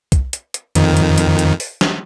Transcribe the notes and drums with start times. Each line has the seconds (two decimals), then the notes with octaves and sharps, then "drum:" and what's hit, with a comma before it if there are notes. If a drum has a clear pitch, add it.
0.12 drum: kick, hi-hat
0.33 drum: hi-hat
0.54 drum: hi-hat
0.75 F2 D#3, drum: hi-hat
0.97 drum: hi-hat
1.18 drum: hi-hat
1.39 drum: hi-hat
1.60 drum: open hi-hat
1.81 drum: snare